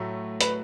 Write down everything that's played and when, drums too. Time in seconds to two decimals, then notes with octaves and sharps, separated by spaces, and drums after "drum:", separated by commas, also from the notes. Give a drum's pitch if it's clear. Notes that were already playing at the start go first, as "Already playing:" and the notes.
Already playing: A2 F#3 A3
0.41 B4, drum: hi-hat